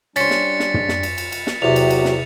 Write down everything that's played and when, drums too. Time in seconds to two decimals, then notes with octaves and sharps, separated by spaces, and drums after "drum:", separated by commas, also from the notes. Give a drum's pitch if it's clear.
0.16 G3 C#4 D4 C5 A6 B6 C#7, drum: cymbal
0.31 drum: snare
0.60 drum: snare
0.74 drum: tom
0.89 drum: snare
1.03 drum: cymbal
1.18 drum: cymbal
1.32 drum: cymbal
1.47 drum: snare
1.62 E2 C3 F#3 F#4 G4 F7
1.76 drum: cymbal
1.90 drum: cymbal
2.05 drum: snare